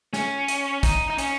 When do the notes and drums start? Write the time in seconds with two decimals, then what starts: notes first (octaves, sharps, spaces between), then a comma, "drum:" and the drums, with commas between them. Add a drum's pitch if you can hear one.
0.13 C#4, drum: snare
0.48 drum: hi-hat
0.83 D#4, drum: kick, hi-hat
1.10 D#4
1.18 C#4, drum: hi-hat